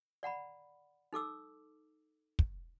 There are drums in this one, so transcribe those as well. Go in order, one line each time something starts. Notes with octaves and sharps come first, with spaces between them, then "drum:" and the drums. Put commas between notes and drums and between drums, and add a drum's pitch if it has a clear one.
D5 F#5 A#5 B5
D#4 A4 D6 E6
drum: kick